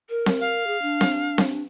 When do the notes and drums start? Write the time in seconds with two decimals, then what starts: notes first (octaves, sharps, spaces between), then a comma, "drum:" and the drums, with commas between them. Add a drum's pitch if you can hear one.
0.10 A#4
0.26 drum: snare C4
0.41 F5
0.67 G#4
0.82 D4
1.01 drum: snare C4
1.38 drum: snare C4